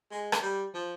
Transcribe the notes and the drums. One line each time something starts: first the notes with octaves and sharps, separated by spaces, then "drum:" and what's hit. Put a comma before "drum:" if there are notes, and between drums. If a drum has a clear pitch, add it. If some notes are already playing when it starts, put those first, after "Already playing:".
G#3
drum: rim click
G3
F3